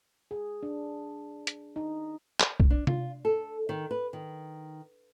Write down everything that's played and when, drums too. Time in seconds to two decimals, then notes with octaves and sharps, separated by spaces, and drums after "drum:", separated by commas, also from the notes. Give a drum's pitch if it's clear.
0.31 G#4
0.63 D4
1.47 drum: hi-hat
1.76 D#4
2.40 drum: clap
2.60 drum: kick B1
2.70 D4
2.87 F4, drum: tom C3
3.25 A4
3.69 D#3
3.91 B4
4.13 D#3